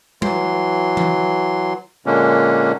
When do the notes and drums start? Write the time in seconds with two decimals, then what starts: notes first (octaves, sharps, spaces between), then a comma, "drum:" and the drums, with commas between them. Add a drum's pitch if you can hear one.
0.22 E3 F#3 C6, drum: tom G3
0.97 drum: tom E3
2.06 A#2 D3 G#3 A#3 C#4 D4